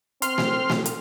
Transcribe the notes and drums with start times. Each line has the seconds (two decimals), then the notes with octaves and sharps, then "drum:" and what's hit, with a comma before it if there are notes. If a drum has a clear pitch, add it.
0.22 C4 C6 F6, drum: hi-hat
0.38 drum: snare A3
0.70 drum: snare A3
0.86 drum: hi-hat